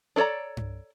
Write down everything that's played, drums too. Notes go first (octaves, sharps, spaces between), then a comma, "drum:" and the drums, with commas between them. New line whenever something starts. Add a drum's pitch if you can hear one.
D4 A4 C#5 D5 A#5
drum: tom G2